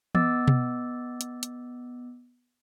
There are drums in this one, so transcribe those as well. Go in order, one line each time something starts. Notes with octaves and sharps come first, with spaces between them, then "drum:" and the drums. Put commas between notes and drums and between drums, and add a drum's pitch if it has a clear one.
B3 D#5 D6 E6 A6, drum: tom
drum: tom B2
drum: hi-hat
drum: hi-hat